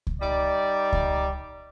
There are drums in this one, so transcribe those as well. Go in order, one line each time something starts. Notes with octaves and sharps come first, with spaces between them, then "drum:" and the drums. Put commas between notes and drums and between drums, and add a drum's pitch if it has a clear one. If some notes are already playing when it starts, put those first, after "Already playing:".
drum: kick C#2
G3 D#4 D5
drum: kick C#2